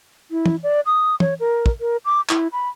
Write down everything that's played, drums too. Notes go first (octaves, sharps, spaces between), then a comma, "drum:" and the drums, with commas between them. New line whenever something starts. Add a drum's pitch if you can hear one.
E4
drum: tom
D5
D#6
C#5, drum: tom
A#4
drum: kick
A#4
D6
E4, drum: clap
B5